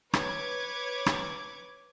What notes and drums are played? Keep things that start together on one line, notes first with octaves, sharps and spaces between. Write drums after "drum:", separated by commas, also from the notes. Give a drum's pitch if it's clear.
B4 C#5 D6 G#6, drum: rim click
drum: rim click